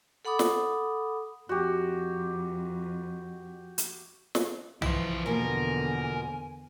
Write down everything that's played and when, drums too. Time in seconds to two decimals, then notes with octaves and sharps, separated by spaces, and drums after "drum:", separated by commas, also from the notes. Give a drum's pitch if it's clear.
0.25 A4 F#5 B5 D6 D#6
0.39 drum: snare
1.49 F2 F#4 G4
3.78 drum: hi-hat
4.35 drum: snare
4.82 E3 F3 E4 C5, drum: tom
5.26 E2 B2 D3 F3 A#3 A#4 G#5